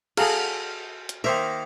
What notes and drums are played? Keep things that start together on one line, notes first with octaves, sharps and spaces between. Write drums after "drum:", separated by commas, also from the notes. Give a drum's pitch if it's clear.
F#4 G#4 A4 F5 A#5, drum: cymbal
drum: hi-hat
D#3 A#3 A#4 C5 E5